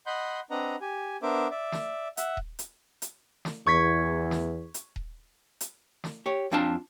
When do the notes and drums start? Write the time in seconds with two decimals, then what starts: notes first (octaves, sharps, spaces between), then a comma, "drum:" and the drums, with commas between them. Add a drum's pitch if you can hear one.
0.06 D#5 F#5 B5 C6 G6
0.50 C4 D4 B4 D#5 F#5 A#5
0.81 G4 G#5
1.22 B3 D4 A#4 C5 E5 D6
1.51 D5 E5
1.72 drum: snare
2.17 E5 F#5, drum: hi-hat
2.37 drum: kick D#1
2.59 drum: hi-hat
3.02 drum: hi-hat
3.45 drum: snare
3.66 E2 C#6 G#6 B6
4.31 drum: snare
4.74 drum: hi-hat
4.96 drum: kick D#1
5.61 drum: hi-hat
6.04 drum: snare
6.26 G4 C#5
6.51 F2 C4 D4 F4 A5